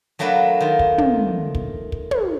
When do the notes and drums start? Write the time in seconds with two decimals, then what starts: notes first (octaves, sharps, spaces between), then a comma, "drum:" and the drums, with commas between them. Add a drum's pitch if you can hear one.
0.19 F#3 A3 A#3 D4 B4
0.61 D#3 F4
0.79 drum: kick
0.98 drum: tom
1.55 drum: kick
1.92 drum: kick
2.11 drum: tom